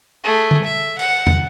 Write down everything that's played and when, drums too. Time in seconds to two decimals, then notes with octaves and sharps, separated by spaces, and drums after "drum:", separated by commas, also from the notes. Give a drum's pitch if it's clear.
0.24 A3 G#4
0.51 drum: tom D3
0.64 E5
0.99 F#5, drum: cymbal
1.27 drum: tom